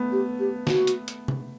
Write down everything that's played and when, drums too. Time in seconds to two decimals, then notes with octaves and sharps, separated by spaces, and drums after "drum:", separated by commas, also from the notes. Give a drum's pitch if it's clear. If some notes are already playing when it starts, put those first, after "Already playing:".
Already playing: A3 B3
0.12 G4
0.40 G4
0.67 F#4, drum: snare
0.87 drum: hi-hat
1.08 drum: hi-hat
1.28 drum: tom C3